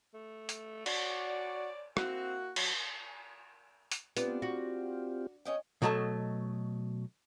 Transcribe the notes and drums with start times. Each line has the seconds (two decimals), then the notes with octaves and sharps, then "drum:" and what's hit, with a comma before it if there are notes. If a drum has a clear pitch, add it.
0.14 A3
0.49 drum: hi-hat
0.86 F#4 C#5 D5, drum: cymbal
1.97 A#3 C4 E4 F#4, drum: rim click
2.56 F#3, drum: cymbal
3.92 drum: hi-hat
4.17 B3 C4 D4 F4 G4, drum: hi-hat
4.42 F#4
5.45 C#4 D#5 G5
5.82 B2 F#3 A3 D#5 A5